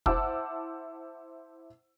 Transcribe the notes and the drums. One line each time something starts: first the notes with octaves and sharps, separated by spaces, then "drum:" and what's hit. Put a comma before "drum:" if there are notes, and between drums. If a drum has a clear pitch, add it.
E4 C5 F#5 A5 D6 E6, drum: kick